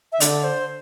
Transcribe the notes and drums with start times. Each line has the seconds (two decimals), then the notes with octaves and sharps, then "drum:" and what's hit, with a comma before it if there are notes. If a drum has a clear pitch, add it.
0.12 E5
0.20 D3 D5, drum: hi-hat
0.44 C5